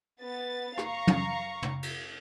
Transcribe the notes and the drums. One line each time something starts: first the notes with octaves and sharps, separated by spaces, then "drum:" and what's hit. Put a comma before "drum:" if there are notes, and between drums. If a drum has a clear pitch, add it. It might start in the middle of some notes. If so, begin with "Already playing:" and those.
B3 A6
F5 A#5 C#6, drum: rim click
drum: tom
drum: tom
drum: cymbal